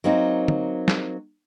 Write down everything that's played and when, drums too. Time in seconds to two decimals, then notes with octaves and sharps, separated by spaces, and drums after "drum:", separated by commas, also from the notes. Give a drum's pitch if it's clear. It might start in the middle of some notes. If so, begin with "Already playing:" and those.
0.04 F#3 A#3 C4 D#4
0.48 drum: tom
0.88 drum: snare